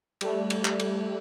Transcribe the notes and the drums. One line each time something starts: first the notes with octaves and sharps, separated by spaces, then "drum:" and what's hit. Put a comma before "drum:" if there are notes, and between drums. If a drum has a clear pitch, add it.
G3 A3, drum: cymbal
drum: cymbal
drum: clap
drum: cymbal